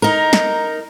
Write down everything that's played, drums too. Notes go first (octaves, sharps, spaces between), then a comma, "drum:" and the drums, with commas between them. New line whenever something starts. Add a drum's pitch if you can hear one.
D#4 A#4
drum: snare